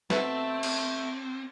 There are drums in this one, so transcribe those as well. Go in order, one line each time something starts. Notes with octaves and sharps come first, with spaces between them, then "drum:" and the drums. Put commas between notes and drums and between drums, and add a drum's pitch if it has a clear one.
B2 A3 C4 A5, drum: snare
drum: cymbal